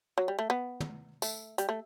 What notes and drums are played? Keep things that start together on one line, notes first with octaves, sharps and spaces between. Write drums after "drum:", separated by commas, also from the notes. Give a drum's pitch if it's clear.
F#3
G3
A3
B3
drum: tom
A3, drum: tambourine
G3, drum: hi-hat
A3